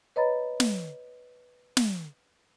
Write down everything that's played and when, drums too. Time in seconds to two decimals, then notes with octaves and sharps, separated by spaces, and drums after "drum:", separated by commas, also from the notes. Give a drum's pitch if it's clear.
0.16 B4 C#5 D#5 A#5 B5 A6
0.60 drum: snare
1.77 drum: snare